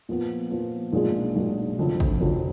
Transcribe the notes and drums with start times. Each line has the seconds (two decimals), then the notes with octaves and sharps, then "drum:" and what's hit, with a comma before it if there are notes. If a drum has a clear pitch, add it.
0.09 A#2 F3 B3
0.51 A#2 F3 B3
0.93 B1 A#2 G#3 D4 G#4
1.34 B1 A#2 G#3 D4 G#4
1.77 F1 F2 D3 F#3
2.00 drum: kick
2.20 F1 F2 D3 F#3